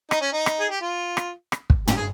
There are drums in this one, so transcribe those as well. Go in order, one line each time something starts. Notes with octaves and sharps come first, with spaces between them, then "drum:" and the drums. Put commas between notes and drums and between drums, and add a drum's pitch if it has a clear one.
D#4, drum: rim click
C#4
D#4
drum: rim click
G#4
G4
F4
drum: rim click
drum: rim click
drum: kick
G4, drum: tom
G#4